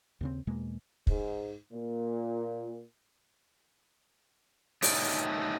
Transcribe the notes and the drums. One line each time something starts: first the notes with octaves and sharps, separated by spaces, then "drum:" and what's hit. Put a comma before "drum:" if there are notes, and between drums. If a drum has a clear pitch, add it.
D#2 C#3 C4
E2 B2 G#3 A#3
G#2, drum: kick
A#2
A3 D#4 C#5, drum: open hi-hat